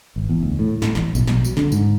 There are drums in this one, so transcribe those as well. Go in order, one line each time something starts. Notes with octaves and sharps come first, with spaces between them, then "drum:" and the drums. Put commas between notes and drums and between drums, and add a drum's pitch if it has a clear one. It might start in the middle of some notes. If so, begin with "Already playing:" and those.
G#1
E2
D2
A2
A2, drum: snare
A1, drum: snare
B1, drum: tambourine
B1, drum: snare
F#3, drum: tambourine
D3, drum: snare
G#2, drum: tambourine